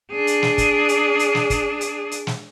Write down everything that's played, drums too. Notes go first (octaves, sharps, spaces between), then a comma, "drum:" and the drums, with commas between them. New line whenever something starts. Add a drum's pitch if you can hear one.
D4 G#4
drum: hi-hat
drum: snare
drum: kick, hi-hat
drum: hi-hat
drum: hi-hat
drum: snare
drum: kick, hi-hat
drum: hi-hat
drum: hi-hat
drum: snare